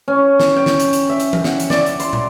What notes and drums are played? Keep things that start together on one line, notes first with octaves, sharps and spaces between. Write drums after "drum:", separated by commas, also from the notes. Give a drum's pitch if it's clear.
C#4
drum: snare
G5
drum: snare
drum: hi-hat
drum: hi-hat
E5
drum: hi-hat
drum: tom E3
F#5, drum: snare
drum: hi-hat
D5, drum: snare
drum: hi-hat
C6, drum: hi-hat
drum: tom